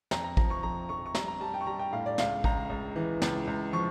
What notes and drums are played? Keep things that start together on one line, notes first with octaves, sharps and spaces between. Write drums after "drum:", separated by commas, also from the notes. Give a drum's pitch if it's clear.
F2 A#5, drum: snare
A#5
F3 A#5, drum: kick
C#6
F2 A#5
F2 C#6
C#6
G3 A#5, drum: snare
A#5
G3 A5
G5
C#6
G3 A#5
G5
A2 F5
D5
C#2 F5, drum: snare
C#2 A#5, drum: kick
C#2
E3
C#2, drum: snare
C#2
F3 C#6